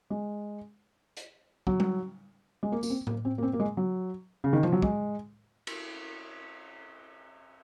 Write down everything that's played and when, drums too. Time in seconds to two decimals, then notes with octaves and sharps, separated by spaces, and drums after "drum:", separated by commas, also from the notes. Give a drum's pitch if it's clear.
0.10 G#3
1.17 drum: hi-hat
1.67 F#3, drum: kick
1.80 drum: tom G3
2.63 G#3
2.72 A#3
2.83 A#3, drum: tambourine
2.90 C4
3.07 A#3, drum: tom A2
3.25 C4
3.38 A#3
3.43 C4
3.53 A#3
3.60 G#3
3.77 F#3
4.44 C#3
4.53 D#3
4.63 F3, drum: tom C3
4.72 F#3
4.82 G#3, drum: kick
5.67 drum: cymbal